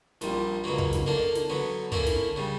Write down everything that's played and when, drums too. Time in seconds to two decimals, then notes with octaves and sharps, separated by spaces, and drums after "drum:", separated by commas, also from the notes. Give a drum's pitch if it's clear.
0.21 A#1 A#2 G3, drum: snare
0.64 C#2 B2 F#3 A#3
0.78 drum: kick
0.93 drum: snare
1.07 D3 A#3 D4 A#4
1.35 drum: snare
1.50 D3 F#3 B3
1.92 D3 A#3 C#4 E4 A#4, drum: kick
2.06 drum: snare
2.36 C#3 G3